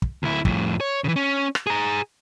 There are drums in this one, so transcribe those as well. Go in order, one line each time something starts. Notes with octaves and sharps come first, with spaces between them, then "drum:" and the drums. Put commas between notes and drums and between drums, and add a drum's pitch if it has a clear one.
drum: kick
D2 E4
F2 A2, drum: kick
C#5
C#3 E3
C#4
drum: rim click
G#4 A#5